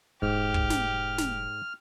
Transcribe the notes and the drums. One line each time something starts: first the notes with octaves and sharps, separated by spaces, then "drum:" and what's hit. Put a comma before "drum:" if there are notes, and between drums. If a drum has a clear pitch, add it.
E1 G#2 G4 F6
drum: kick
drum: snare
drum: snare